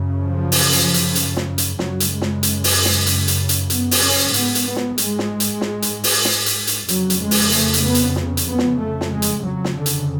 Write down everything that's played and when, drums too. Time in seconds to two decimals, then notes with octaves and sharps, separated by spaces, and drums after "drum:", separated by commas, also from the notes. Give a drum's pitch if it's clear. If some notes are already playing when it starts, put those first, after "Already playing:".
Already playing: F#2 C#3
0.20 F3
0.52 drum: open hi-hat
0.73 drum: hi-hat
0.94 drum: hi-hat
1.15 drum: hi-hat
1.37 drum: snare
1.58 drum: hi-hat
1.79 F#2 C#3 F#3, drum: snare
2.00 drum: hi-hat
2.11 G#3
2.22 drum: snare
2.43 drum: hi-hat
2.64 drum: open hi-hat
2.85 drum: snare
3.06 drum: hi-hat
3.28 drum: hi-hat
3.49 drum: hi-hat
3.70 B3, drum: hi-hat
3.91 drum: open hi-hat
4.02 C#4
4.34 G#2 B3, drum: hi-hat
4.55 drum: hi-hat
4.66 B3
4.76 drum: snare
4.98 G#3, drum: hi-hat
5.19 drum: snare
5.40 drum: hi-hat
5.61 drum: snare
5.82 drum: hi-hat
6.04 drum: open hi-hat
6.25 drum: snare
6.46 drum: hi-hat
6.67 drum: hi-hat
6.88 F2 C#3 F#3, drum: hi-hat
7.10 drum: hi-hat
7.20 G#3
7.31 drum: open hi-hat
7.52 A3, drum: hi-hat
7.73 drum: hi-hat
7.84 B3
7.95 drum: hi-hat
8.16 drum: snare
8.37 drum: hi-hat
8.48 B3
8.58 drum: snare
8.79 A3
9.01 drum: snare
9.12 G#3
9.22 drum: hi-hat
9.43 F2 C#3 F#3
9.64 drum: snare
9.75 D3
9.86 drum: hi-hat